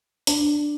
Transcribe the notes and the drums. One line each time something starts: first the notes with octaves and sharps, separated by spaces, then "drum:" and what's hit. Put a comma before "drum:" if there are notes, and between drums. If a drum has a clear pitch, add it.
D4, drum: hi-hat